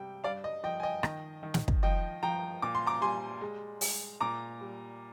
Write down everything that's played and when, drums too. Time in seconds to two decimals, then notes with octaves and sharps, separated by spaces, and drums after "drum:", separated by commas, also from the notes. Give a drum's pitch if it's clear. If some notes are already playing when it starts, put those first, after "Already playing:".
Already playing: C3 G3 G5
0.24 G2 D5 F5
0.44 D#5
0.64 F3 D#5 G5
0.80 G#5
0.83 D#5 G5
1.03 D#3, drum: rim click
1.43 D#3
1.54 drum: snare
1.68 drum: kick
1.83 F3 D#5 G5
2.23 F3 G5 A#5
2.62 A#2 D6
2.75 C6
2.87 A#5 D6
3.01 G3 G#5 C6
3.41 G#3
3.81 G#3, drum: open hi-hat
4.20 A#2 A#5 D6
4.61 G3